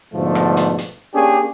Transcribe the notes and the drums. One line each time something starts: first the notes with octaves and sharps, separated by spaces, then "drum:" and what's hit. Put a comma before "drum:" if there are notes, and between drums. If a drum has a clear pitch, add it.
G#2 B2 D3 F3 A3
drum: rim click
drum: hi-hat
drum: hi-hat
A#3 C#4 D4 G4 G#4